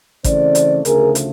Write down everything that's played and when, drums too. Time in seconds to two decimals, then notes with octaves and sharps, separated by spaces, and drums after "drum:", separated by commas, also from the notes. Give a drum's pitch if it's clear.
0.24 C#3 E3 A3 C4 C5 D5, drum: kick, hi-hat
0.55 drum: hi-hat
0.85 D2 C#3 F3 A3 G#4 A#4, drum: hi-hat
1.15 drum: hi-hat